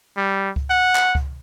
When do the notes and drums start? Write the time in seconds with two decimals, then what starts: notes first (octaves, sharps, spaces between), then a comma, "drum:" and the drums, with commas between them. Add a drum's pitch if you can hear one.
0.17 G3
0.56 drum: kick C#2
0.70 F#5
0.95 drum: clap
1.15 drum: kick C#2